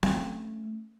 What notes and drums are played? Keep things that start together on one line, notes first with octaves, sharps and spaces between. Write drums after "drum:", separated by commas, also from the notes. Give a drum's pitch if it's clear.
A3 C#4, drum: snare C4